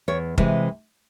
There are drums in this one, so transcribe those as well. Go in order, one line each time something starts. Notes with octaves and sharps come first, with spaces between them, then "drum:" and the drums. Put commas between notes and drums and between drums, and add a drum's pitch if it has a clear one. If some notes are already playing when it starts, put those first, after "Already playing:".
E2 C#5
C3 E3 G#3, drum: kick